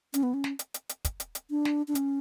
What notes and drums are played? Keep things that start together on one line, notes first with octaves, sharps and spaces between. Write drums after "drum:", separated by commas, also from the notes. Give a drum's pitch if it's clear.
C#4, drum: hi-hat
B3
C#4
drum: snare
drum: hi-hat
drum: hi-hat
drum: hi-hat
drum: kick, hi-hat
drum: hi-hat
drum: hi-hat
D4
drum: snare
D4
C#4, drum: hi-hat